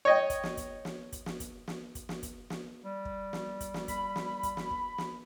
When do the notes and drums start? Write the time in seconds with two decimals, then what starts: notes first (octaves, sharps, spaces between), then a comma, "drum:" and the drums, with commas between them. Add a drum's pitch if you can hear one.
0.05 C#5 D#5 G5
0.30 drum: kick, hi-hat
0.44 drum: snare
0.57 drum: kick, hi-hat
0.85 drum: snare
1.12 drum: kick, hi-hat
1.26 drum: snare
1.40 drum: kick, hi-hat
1.68 drum: snare
1.95 drum: kick, hi-hat
2.09 drum: snare
2.23 drum: kick, hi-hat
2.50 drum: snare
2.85 G3
3.05 drum: kick
3.33 drum: snare
3.60 drum: kick, hi-hat
3.74 drum: snare
3.88 B5, drum: kick, hi-hat
4.16 drum: snare
4.43 drum: kick, hi-hat
4.57 drum: snare
4.71 drum: kick
4.98 drum: snare